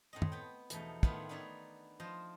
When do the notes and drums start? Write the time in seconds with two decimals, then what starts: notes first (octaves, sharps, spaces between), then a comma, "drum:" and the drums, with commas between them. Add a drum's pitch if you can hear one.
0.13 A2 C4 D#5
0.22 drum: tom
0.32 B3 G5
0.70 E2 B2 F3 A3 D#4, drum: hi-hat
1.03 A2 D#3 B3 E4 F4, drum: kick
1.29 B3 D4 D#4 C#5 D5 E5
2.00 F3 C5 D#5